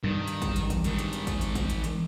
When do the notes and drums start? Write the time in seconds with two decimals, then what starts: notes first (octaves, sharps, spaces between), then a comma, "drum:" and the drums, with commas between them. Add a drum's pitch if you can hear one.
0.04 G2 D#3 G3
0.27 drum: hi-hat
0.42 drum: kick A1, hi-hat
0.56 drum: hi-hat
0.70 drum: kick A1, hi-hat
0.84 G#2 D#3, drum: hi-hat
0.99 drum: hi-hat
1.13 drum: hi-hat
1.27 drum: kick A1, hi-hat
1.41 drum: hi-hat
1.55 drum: kick A1, hi-hat
1.70 drum: hi-hat
1.84 drum: hi-hat